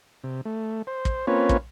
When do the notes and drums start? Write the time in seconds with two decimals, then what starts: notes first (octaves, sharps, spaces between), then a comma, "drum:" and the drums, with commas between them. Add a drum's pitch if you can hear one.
0.24 C3
0.45 A3
0.87 C5
1.05 drum: kick
1.27 A#3 C4 C#4 F4 B4 C#5
1.49 drum: kick